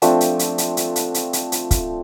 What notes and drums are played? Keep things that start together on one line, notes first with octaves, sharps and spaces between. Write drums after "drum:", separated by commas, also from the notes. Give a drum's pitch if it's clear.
F3 A3 C4 D4, drum: hi-hat
drum: hi-hat
drum: hi-hat
drum: hi-hat
drum: hi-hat
drum: hi-hat
drum: hi-hat
drum: hi-hat
drum: hi-hat
drum: kick, hi-hat